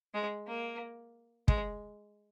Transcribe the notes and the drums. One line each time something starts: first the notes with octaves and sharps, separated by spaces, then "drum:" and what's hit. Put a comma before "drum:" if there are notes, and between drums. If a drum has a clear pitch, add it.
G#3
A#3
G#3, drum: kick